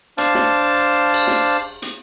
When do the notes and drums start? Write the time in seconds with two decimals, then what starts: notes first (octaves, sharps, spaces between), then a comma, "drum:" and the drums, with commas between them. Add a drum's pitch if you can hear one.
0.18 D4 C5 F5 A5, drum: hi-hat
0.35 drum: snare
1.14 drum: cymbal
1.27 drum: snare
1.82 drum: hi-hat